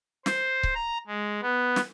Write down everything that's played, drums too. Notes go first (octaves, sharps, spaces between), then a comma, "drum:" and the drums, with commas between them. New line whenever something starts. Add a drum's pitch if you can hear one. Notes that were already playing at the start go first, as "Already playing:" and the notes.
C5, drum: snare
drum: kick C#1
A#5
G#3
B3
drum: snare